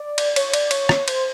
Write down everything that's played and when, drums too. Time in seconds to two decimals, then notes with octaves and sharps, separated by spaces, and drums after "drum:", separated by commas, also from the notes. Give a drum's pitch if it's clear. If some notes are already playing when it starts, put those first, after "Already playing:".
Already playing: D5
0.18 drum: cymbal
0.36 C#5, drum: cymbal
0.53 D5, drum: cymbal
0.71 C#5, drum: cymbal
0.89 drum: rim click
1.08 C5, drum: cymbal